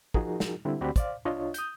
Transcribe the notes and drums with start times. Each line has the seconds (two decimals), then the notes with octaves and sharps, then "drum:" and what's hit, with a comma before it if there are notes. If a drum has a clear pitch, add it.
0.14 F3 D#4 F#4 G#4 A#4, drum: kick
0.40 drum: snare
0.65 D3 G3 C4 E4
0.81 D2 C4 F#4 G4 D5 B5
0.96 C5 D5 F5, drum: kick, hi-hat
1.25 C2 D4 F4 C#5 D#5
1.54 D#6 G6, drum: hi-hat